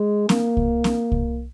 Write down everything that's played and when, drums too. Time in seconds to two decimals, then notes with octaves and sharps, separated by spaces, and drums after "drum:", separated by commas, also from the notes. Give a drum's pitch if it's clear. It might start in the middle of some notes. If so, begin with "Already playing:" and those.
Already playing: G#3
0.29 A#3, drum: snare C4
0.57 drum: kick C2
0.84 drum: snare C4
1.12 drum: kick C2